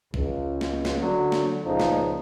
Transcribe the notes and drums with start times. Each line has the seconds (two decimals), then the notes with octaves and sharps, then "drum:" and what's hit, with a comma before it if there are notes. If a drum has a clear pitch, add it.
0.14 C#2, drum: kick
0.61 drum: snare
0.85 drum: snare
1.00 D3 F#3
1.32 drum: snare
1.64 C#2 A#2 F3 D#4
1.80 drum: snare